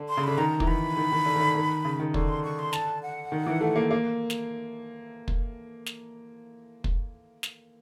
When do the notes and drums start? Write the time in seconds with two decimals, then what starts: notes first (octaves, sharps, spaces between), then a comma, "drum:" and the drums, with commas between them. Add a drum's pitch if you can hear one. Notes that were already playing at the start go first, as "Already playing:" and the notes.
Already playing: D3
0.09 C6
0.17 C#3
0.24 D3 B5
0.38 D#3 A#5
0.60 E3, drum: kick
0.67 D#3 B5
0.97 D#3
1.12 D#3
1.26 D3
1.36 D#3
1.41 D3
1.55 D#3
1.85 C#3
2.00 D#3
2.14 D3 C#6, drum: kick
2.29 C6
2.43 C#6
2.59 C6
2.73 A5, drum: snare
3.03 F#5
3.32 D#3
3.47 E3
3.61 A3
3.76 A#3
3.91 A#3
4.30 drum: snare
5.28 drum: kick
5.86 drum: snare
6.84 drum: kick
7.43 drum: snare